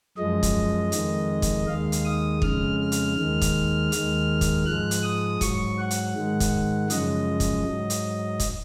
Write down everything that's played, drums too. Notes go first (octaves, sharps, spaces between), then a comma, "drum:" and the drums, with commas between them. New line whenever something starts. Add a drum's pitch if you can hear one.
F#2 F3 G#3 D#5
drum: kick, hi-hat
F2 D#3 G#3, drum: hi-hat
drum: kick, hi-hat
D#2 D#3 G#3 F5
drum: hi-hat
D#6
F2 C#3 G#3 F6, drum: kick
F6
drum: hi-hat
D#2 D#3 G#3
drum: kick, hi-hat
D#2 D#3 G#3, drum: hi-hat
drum: kick, hi-hat
G#2 F3 G#3 F#6
drum: hi-hat
D#6
G#2 F#3 C#6, drum: kick, hi-hat
F#5
drum: hi-hat
G#2 D#3 G#3
drum: kick, hi-hat
F#2 C#3 F3 G#3 D#5, drum: hi-hat
drum: kick, hi-hat
G#2 F#3
drum: hi-hat
drum: kick, hi-hat